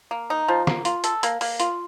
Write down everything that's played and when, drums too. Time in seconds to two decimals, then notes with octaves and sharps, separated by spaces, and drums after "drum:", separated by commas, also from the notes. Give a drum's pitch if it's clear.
0.11 A#3
0.30 D#4
0.48 F3
0.67 A#3, drum: snare
0.85 F4, drum: hi-hat
1.04 A4, drum: hi-hat
1.23 A#3, drum: hi-hat
1.41 A#3, drum: open hi-hat
1.60 F4, drum: hi-hat